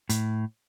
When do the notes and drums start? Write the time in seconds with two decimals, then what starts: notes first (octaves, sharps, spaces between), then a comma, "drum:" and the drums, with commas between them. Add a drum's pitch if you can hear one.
0.09 A2, drum: hi-hat